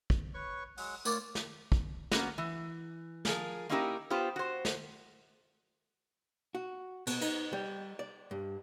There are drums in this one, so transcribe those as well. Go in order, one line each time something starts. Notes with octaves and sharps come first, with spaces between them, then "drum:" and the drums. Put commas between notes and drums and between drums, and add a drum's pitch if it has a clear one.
drum: kick
B4 C#5 C#6
F#3 G#3 F#5, drum: open hi-hat
A3 F4 A#4 C#5 D5 D6, drum: tambourine
drum: snare
drum: kick
A#3 B3 C#4 F#4, drum: snare
E3
F3 G#4 A#4, drum: snare
A#3 C#4 D#4 E4 G4 A#4
B3 F4 G4 C5
F#4 C5
drum: snare
F#4
B2, drum: cymbal
D#4, drum: cymbal
G3
D5
G2